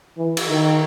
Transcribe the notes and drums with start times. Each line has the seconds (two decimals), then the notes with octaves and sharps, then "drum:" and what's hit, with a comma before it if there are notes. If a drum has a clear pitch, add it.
0.18 E3
0.37 drum: cymbal
0.49 D#3